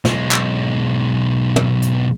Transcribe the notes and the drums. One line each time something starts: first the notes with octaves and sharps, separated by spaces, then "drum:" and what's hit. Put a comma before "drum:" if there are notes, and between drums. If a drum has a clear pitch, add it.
B1 G#3, drum: snare
drum: clap
drum: tom
drum: hi-hat